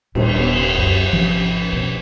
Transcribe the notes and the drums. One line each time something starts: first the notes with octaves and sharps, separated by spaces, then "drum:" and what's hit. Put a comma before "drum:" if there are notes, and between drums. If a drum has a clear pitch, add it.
D#1 A#2 G3 D4, drum: cymbal
B3
C2
C#2 F#2
G#1 C3 F3
B2